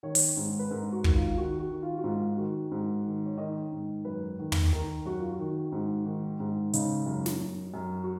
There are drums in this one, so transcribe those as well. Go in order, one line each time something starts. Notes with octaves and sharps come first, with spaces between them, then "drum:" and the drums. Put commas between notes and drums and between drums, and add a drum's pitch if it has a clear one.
D#3 C#5
drum: open hi-hat
G#2
B4
G#2 A#4
F#4
D#3, drum: kick
F4
F4
D#3 F#4
F#4
D#3
F4
F#4
G#2 F4
D#3 F#4
G#2
D#3
C#5
D#3 D#5
G#2
F#2 B4
D#3
drum: tom
D#3 A#4
F#2 F#4
F4
F#4
D#3
G#2
D#3
G#2
C#3 D#4, drum: hi-hat
F#2
drum: snare
F#2
F#2
F#4